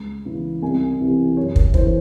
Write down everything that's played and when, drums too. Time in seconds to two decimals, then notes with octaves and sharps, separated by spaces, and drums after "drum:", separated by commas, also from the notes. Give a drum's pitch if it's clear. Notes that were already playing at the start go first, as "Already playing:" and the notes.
Already playing: C#2
0.25 C#3 E3
0.62 C2 G#5
1.00 C3 E3
1.37 F#2 C#5
1.56 drum: kick
1.74 E3 C5, drum: kick